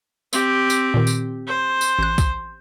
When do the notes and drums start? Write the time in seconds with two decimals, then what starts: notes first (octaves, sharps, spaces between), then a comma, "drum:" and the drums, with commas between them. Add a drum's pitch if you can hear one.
0.33 C4 G4, drum: tambourine
0.70 drum: tambourine
0.94 A#2 D#3
1.07 drum: tambourine
1.47 C5
1.81 drum: tambourine
1.99 A1 F#6
2.18 drum: kick, tambourine